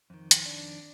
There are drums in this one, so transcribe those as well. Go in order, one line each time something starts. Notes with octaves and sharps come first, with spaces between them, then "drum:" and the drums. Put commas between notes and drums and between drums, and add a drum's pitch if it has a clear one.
F2 D#3
drum: hi-hat
D4